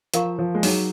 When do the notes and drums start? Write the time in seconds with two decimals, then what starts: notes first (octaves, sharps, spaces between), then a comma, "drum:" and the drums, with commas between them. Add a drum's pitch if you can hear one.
0.14 F3 A#4 F5 A#5 C#6, drum: hi-hat
0.39 F3
0.55 G#3
0.63 F#3 D#4 G#4 C#5, drum: open hi-hat